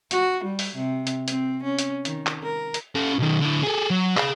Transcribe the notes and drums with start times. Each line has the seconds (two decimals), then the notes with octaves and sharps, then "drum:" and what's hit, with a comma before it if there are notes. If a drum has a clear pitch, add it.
0.11 F#4, drum: hi-hat
0.44 G3
0.59 drum: open hi-hat
0.75 C3
1.07 drum: hi-hat
1.28 C4, drum: hi-hat
1.63 C#4
1.79 drum: hi-hat
2.05 D#3, drum: hi-hat
2.26 drum: clap
2.42 A#4
2.74 drum: hi-hat
2.95 C#4 A4
3.19 B1 D#3
3.41 D3 E4
3.63 G#4 A4
3.90 F#3
4.17 G#4 F5, drum: clap